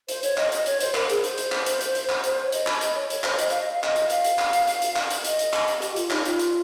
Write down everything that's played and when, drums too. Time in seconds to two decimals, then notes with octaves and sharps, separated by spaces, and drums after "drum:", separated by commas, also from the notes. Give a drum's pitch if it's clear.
0.09 C5, drum: hi-hat
0.23 C#5, drum: hi-hat
0.37 D#5, drum: clap
0.52 D#5, drum: hi-hat
0.66 C#5, drum: hi-hat
0.80 C5, drum: hi-hat
0.95 A#4, drum: clap
1.09 G#4, drum: hi-hat
1.24 C5, drum: hi-hat
1.38 drum: hi-hat
1.52 drum: clap
1.66 drum: hi-hat
1.81 drum: hi-hat
1.95 drum: hi-hat
2.09 drum: clap
2.24 drum: hi-hat
2.45 C#5
2.52 D#5, drum: hi-hat
2.67 drum: clap
2.81 D#5, drum: hi-hat
2.95 C#5
3.10 C#5, drum: hi-hat
3.24 C5, drum: clap
3.39 D#5, drum: hi-hat
3.50 F5, drum: hi-hat
3.61 D#5
3.72 F5
3.84 D#5, drum: clap
3.96 drum: hi-hat
4.10 F5, drum: hi-hat
4.24 drum: hi-hat
4.39 drum: clap
4.53 drum: hi-hat
4.67 drum: hi-hat
4.82 drum: hi-hat
4.96 drum: clap
5.10 drum: hi-hat
5.24 D#5, drum: hi-hat
5.39 drum: hi-hat
5.53 drum: clap
5.68 drum: hi-hat
5.82 G4, drum: hi-hat
5.96 F4, drum: hi-hat
6.10 D#4, drum: clap
6.25 F4, drum: hi-hat
6.39 drum: hi-hat